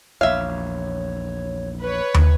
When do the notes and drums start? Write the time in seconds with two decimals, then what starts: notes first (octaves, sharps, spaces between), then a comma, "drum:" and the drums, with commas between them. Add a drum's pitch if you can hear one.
0.21 A#1 E2 C#5 E5 F5
1.81 B4 C#5
2.14 drum: tom